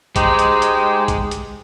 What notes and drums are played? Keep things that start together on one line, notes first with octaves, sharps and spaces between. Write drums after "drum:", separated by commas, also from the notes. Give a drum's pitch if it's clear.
G#3 D#4 G4 C5, drum: kick A1, hi-hat
drum: hi-hat
drum: hi-hat
drum: kick A1, hi-hat
drum: hi-hat